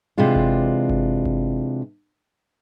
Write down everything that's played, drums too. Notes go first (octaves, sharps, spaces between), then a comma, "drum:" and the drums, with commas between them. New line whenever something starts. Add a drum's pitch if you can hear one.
C3 E3 G#3 D4 F4
drum: kick G1
drum: kick G1
drum: kick G1